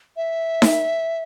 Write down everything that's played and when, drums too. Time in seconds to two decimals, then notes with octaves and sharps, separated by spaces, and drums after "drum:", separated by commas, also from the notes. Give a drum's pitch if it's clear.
0.17 E5
0.62 drum: snare D#4